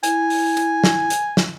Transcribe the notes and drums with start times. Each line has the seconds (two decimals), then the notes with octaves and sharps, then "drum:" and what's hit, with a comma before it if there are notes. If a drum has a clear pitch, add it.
0.03 E4 G#5, drum: hi-hat
0.30 drum: open hi-hat
0.57 drum: hi-hat
0.84 drum: snare
1.10 drum: hi-hat
1.37 drum: snare